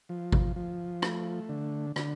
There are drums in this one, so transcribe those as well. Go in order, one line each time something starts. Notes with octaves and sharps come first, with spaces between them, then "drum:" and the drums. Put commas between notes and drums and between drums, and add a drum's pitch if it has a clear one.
F3
drum: kick G#1
F3
A3, drum: rim click
D3
D3, drum: rim click